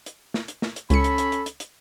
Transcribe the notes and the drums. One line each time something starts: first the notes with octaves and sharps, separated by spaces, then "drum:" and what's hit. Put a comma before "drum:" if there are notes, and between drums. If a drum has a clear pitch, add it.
drum: hi-hat
drum: snare
drum: hi-hat
drum: snare
drum: hi-hat
C#2 C#4 A4 B5 C#7, drum: hi-hat
drum: hi-hat
drum: hi-hat
drum: hi-hat
drum: hi-hat
drum: hi-hat